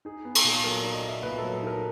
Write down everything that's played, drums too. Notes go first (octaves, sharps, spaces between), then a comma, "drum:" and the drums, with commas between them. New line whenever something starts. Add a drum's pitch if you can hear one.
D#4 G#4
B3
A4, drum: cymbal
A#2
A4
F#3 A#4
D#4 D5
D#5
B3
E5
A#2 B4
F#3 A4
A4
D#4 A#4